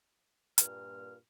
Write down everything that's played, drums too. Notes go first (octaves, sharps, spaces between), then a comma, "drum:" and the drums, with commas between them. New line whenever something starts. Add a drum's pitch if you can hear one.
G2 A#2 F6, drum: hi-hat